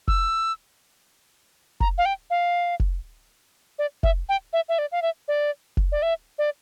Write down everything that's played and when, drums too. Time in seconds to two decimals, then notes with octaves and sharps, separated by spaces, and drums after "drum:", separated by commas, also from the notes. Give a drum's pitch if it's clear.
0.08 E6, drum: kick F1
1.80 A#5, drum: kick F1
1.98 F5
2.05 G5
2.30 F5
2.80 drum: kick F1
3.79 D5
4.03 E5, drum: kick F1
4.29 G5
4.53 E5
4.69 E5
4.78 D5
4.92 F5
5.02 E5
5.28 D5
5.77 drum: kick F1
5.92 D5
6.02 E5
6.38 D5